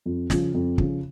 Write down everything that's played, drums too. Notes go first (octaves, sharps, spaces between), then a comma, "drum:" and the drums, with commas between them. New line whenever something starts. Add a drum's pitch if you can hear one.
F2
C#3 F3, drum: snare
F2
C#3 F3, drum: kick